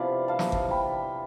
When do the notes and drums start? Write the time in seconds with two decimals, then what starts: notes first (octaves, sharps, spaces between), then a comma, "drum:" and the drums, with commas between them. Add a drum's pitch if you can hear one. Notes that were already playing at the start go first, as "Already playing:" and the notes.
Already playing: C3 F3 B3 E4 D5 F5
0.28 F5 A5
0.39 drum: snare
0.52 drum: kick G1
0.71 G5 B5